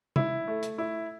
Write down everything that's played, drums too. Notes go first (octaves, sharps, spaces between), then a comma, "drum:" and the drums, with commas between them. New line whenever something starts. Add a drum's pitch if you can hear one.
E4, drum: tom
A3
drum: hi-hat
E4